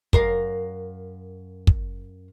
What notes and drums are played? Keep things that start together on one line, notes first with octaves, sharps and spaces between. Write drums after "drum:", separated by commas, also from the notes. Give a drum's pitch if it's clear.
F#2 A#4 F5, drum: kick
drum: kick